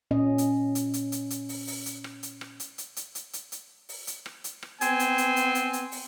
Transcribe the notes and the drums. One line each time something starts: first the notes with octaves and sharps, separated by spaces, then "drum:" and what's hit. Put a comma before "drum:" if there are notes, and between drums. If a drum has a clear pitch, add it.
A#2 C#4 D#5
drum: hi-hat
drum: hi-hat
drum: hi-hat
drum: hi-hat
drum: hi-hat
drum: open hi-hat
drum: open hi-hat
drum: hi-hat
drum: rim click
drum: hi-hat
drum: rim click
drum: hi-hat
drum: hi-hat
drum: hi-hat
drum: hi-hat
drum: hi-hat
drum: hi-hat
drum: open hi-hat
drum: hi-hat
drum: rim click
drum: hi-hat
drum: rim click
B3 C4 G#5, drum: hi-hat
drum: hi-hat
drum: hi-hat
drum: hi-hat
drum: hi-hat
drum: hi-hat
drum: open hi-hat